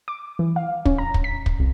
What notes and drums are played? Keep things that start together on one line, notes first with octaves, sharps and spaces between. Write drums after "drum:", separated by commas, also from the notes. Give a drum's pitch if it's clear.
D6
E3
F5
C#4, drum: kick
A#5
drum: kick
B6
drum: kick
C2